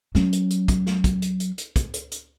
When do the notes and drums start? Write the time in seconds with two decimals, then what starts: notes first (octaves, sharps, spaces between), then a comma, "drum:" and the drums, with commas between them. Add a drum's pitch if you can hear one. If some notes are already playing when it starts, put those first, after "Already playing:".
0.15 F#3 C#4, drum: snare
0.33 drum: hi-hat
0.50 drum: hi-hat
0.68 drum: kick, hi-hat
0.86 drum: snare
1.04 drum: kick, hi-hat
1.22 drum: hi-hat
1.40 drum: hi-hat
1.58 drum: hi-hat
1.76 drum: kick, hi-hat
1.94 drum: hi-hat
2.12 drum: hi-hat